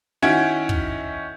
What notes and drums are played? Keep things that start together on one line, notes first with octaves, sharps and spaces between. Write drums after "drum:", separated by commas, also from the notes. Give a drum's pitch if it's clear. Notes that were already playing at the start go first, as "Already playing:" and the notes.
D#3 C#4 E4 F#4 G#6 D7
drum: kick